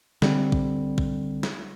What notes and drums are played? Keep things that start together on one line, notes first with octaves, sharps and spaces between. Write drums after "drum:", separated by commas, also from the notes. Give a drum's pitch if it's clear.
D3 G3 C4, drum: snare
drum: kick
drum: kick
drum: snare